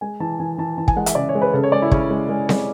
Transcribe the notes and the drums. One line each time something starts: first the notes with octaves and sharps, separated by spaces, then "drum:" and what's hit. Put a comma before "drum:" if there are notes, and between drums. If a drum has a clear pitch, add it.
G#3 G#5
E3 A5
E3 G#5
E3 A5
E3 A5
G#5, drum: kick
G#3 F#5
E5, drum: hi-hat
C#3 D5
C#5
G#3
B4
C#3 A4
C#5
G#3 D5
E4
C#3 C#4, drum: kick
G#3
G#3
G#3, drum: snare C4